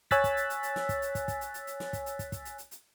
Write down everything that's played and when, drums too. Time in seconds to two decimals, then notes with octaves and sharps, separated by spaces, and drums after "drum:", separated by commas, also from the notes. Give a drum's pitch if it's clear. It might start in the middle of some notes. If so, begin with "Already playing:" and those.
0.11 C#5 G#5 E6 F#6 A6 B6, drum: kick, hi-hat
0.24 drum: kick, hi-hat
0.37 drum: hi-hat
0.50 drum: hi-hat
0.63 drum: hi-hat
0.76 drum: snare
0.89 drum: kick, hi-hat
1.02 drum: hi-hat
1.15 drum: kick, hi-hat
1.28 drum: kick, hi-hat
1.41 drum: hi-hat
1.54 drum: hi-hat
1.67 drum: hi-hat
1.80 drum: snare
1.93 drum: kick, hi-hat
2.06 drum: hi-hat
2.19 drum: kick, hi-hat
2.32 drum: kick, hi-hat
2.45 drum: hi-hat
2.58 drum: hi-hat
2.71 drum: hi-hat